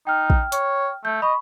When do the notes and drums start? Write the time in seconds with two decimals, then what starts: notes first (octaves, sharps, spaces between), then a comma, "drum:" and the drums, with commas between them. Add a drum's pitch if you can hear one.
0.07 D#4 G5 F6
0.30 drum: kick
0.52 C#5, drum: hi-hat
1.05 A3 G6
1.22 D#5 B5 C#6